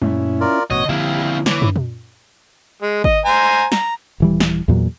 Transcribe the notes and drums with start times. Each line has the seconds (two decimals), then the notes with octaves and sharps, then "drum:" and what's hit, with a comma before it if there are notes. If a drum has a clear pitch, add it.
0.02 F#2 A#2 A3 C#4 E4, drum: tom G3
0.41 F4 A#4 D5
0.70 A1 G2 B2 F#4 C#5 D#5
0.89 D3 F3 A#3 C4 E4 G4 F5
1.46 E3 C#5 D6, drum: snare
1.62 drum: tom
1.76 drum: tom A#2
2.82 G#3
3.04 D#5, drum: kick G#1
3.25 C5 G#5 A#5
3.72 A#5, drum: snare
4.20 D#1 E3 G3
4.40 drum: snare
4.68 E2 A#2 F#3